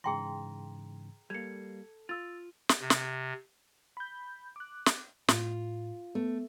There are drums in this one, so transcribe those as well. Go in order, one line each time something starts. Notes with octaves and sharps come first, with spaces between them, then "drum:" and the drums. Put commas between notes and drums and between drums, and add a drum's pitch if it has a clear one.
G#2 C#3 E3 G#4 G5 A#5 C6 A#6
G3 A#3 A4 G#6 C#7
F4 E6 A6
drum: snare
C3
drum: snare
B5 G6
D6 F#6
drum: snare
A2 F4, drum: snare
A3 B3